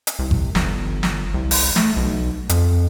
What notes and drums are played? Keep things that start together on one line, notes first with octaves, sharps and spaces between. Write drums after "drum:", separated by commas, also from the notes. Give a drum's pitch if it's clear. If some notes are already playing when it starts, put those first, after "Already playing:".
drum: hi-hat
C2
drum: kick G1
G1, drum: snare
drum: snare
C2
drum: open hi-hat
A3, drum: snare
B1
F2, drum: hi-hat